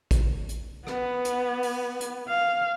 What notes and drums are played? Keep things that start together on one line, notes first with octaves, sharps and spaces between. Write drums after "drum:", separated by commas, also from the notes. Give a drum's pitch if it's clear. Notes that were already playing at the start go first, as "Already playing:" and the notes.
drum: kick, hi-hat
drum: hi-hat
B3, drum: rim click
drum: hi-hat
drum: open hi-hat
drum: hi-hat
F5